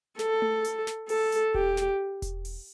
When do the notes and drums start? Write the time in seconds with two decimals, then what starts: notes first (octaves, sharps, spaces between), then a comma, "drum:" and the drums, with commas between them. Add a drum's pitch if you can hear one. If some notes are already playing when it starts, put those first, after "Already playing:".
0.19 A4, drum: snare
0.42 drum: tom A3
0.64 drum: hi-hat
0.87 drum: snare
1.09 A4, drum: open hi-hat
1.32 drum: hi-hat
1.54 G4, drum: kick E1
1.77 drum: snare
2.22 drum: kick E1, hi-hat
2.45 drum: open hi-hat